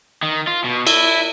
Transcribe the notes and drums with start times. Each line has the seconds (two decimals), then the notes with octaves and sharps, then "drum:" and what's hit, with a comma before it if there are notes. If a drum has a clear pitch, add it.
0.23 D#3
0.47 F4
0.64 B2
0.87 E4, drum: cymbal